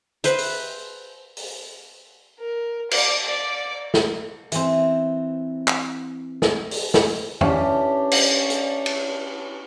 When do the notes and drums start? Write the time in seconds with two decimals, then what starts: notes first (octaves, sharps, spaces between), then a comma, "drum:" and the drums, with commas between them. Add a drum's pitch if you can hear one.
0.24 B4 C5 E5, drum: hi-hat
0.38 drum: open hi-hat
1.37 drum: open hi-hat
2.39 A#4
2.91 D6, drum: cymbal
3.26 D5
3.94 drum: snare
4.52 E3 C4, drum: hi-hat
5.68 drum: clap
6.42 drum: snare
6.71 drum: open hi-hat
6.94 drum: snare
7.41 E3 C#4 D4 G4, drum: tom
8.12 drum: cymbal
8.50 drum: hi-hat
8.86 drum: cymbal